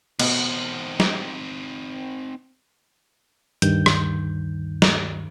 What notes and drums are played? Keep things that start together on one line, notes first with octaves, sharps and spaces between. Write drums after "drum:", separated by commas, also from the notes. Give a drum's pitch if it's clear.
B2 C4 D#4, drum: cymbal
drum: snare
D2 G2 D#3 G6, drum: hi-hat
drum: rim click
drum: snare